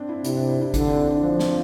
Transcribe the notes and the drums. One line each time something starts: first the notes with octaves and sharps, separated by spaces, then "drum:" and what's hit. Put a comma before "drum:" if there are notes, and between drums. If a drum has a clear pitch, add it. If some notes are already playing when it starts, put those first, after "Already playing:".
Already playing: C4 D4
E4
C3 E4, drum: hi-hat
D4
E4
E4
D3 D4, drum: kick, hi-hat
C4
E4
D4
F3 D4
C4, drum: snare